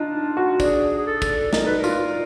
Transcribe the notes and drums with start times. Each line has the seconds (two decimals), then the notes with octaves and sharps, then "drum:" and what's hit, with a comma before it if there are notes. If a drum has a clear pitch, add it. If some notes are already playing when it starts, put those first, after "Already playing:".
Already playing: D4 D#4 F4
0.37 F#4
0.60 D4 G#4, drum: kick, tambourine
0.98 G#4
1.07 A4
1.22 drum: kick, tambourine
1.53 D#4 A#4, drum: snare
1.65 B4
1.78 A#4
1.84 F4, drum: tambourine